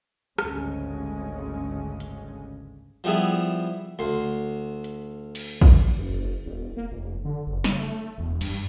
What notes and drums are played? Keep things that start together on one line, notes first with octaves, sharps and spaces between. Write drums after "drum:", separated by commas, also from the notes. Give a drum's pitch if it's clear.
G#1 D2 G2 C#3 G#3 C#4, drum: rim click
drum: hi-hat
F3 G3 B3 E4 G#4
D2 C6
drum: hi-hat
drum: cymbal
drum: kick
F#1
E1
A#3
F1
D3
F#1
C#3, drum: snare
A3
E1
G2, drum: cymbal